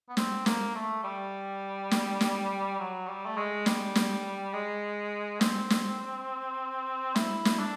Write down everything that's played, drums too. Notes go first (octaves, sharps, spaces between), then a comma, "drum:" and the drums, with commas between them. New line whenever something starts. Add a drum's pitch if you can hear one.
B3
C4, drum: snare
A#3, drum: snare
A3
G3
drum: snare
drum: snare
F#3
G3
A3
G#3
G3, drum: snare
drum: snare
G#3
C4, drum: snare
drum: snare
E4, drum: snare
drum: snare
D4